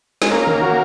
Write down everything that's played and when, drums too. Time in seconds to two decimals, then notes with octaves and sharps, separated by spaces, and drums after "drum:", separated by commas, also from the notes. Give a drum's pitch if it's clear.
0.22 G#3, drum: snare
0.31 A#3 C#4
0.47 D#3
0.62 F#4